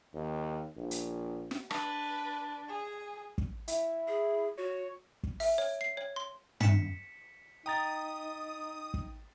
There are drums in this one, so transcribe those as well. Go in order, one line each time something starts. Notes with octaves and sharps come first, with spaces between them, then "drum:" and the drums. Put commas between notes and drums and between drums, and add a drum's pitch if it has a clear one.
D#2
A#1
drum: hi-hat
drum: snare
D4 B4, drum: rim click
G#4
drum: kick
E4, drum: hi-hat
G#4
F#4 C#5
drum: kick
E5, drum: open hi-hat
C#5
C7
C#5
C6
B6 C#7 E7, drum: tom
D#4 G5 A#5 D#6 A6
drum: kick